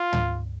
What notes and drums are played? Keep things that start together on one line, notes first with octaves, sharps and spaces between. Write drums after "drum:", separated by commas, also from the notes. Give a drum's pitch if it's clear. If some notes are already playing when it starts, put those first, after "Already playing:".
Already playing: F4
drum: tom